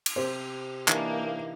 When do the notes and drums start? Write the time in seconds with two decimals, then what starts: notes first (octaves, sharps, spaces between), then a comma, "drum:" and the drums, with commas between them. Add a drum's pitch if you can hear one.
0.06 drum: cymbal
0.16 C3 C4 G4 C5
0.88 E3 A#3 D4 D#4, drum: clap